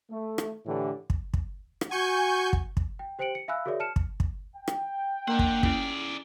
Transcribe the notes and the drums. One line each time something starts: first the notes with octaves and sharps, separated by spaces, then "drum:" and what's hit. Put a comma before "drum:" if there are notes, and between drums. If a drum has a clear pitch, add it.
A3
drum: rim click
A2 D3 E3 G4
drum: kick
drum: kick
drum: rim click
F#4 G#5 C#6 G6
drum: kick
drum: kick
G5
G4 C5 G5 C#7 D7 F#7
C#7
E5 F5 G#5 B5 E6 F#6
F#4 G#4 A#4 C#5 D5 E5
A5 F6 C#7 E7
drum: kick
drum: kick
G5
drum: rim click
A#3 D4 A#4 F#5 A#5
drum: kick
C#4 E4 G#4 D5, drum: kick